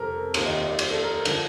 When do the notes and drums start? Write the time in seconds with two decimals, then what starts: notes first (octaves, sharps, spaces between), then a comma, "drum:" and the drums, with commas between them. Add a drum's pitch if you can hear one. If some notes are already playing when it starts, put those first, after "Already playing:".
Already playing: F2 C3 A4 A#4
0.34 D#2 D#3 C5, drum: cymbal
0.46 D#5
0.57 D#5
0.68 D5
0.79 C5, drum: cymbal
0.91 A4
1.02 A#4
1.25 D3 F3, drum: cymbal